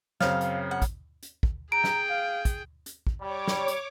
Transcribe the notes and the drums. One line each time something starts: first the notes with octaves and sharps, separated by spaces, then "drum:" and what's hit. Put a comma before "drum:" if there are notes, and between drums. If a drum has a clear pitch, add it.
F#2 C#3 C4 F5, drum: snare
drum: hi-hat
F#5
drum: kick, hi-hat
drum: hi-hat
drum: kick
G#4 G5 A#5 D7
drum: snare
F5
drum: kick, hi-hat
drum: hi-hat
drum: kick
G3 C#5 D6
drum: snare
drum: hi-hat